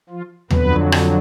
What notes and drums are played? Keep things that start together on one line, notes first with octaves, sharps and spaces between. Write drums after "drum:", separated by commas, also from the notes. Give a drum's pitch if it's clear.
F3 F4
F2 D3 F#3 B3 B4, drum: tom D#2
drum: rim click